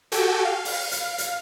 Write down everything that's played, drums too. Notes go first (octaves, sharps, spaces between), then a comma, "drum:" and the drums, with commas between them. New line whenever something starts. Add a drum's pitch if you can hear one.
F#4 G4 A4 G5 G#5, drum: hi-hat
F5
drum: open hi-hat
drum: hi-hat
drum: hi-hat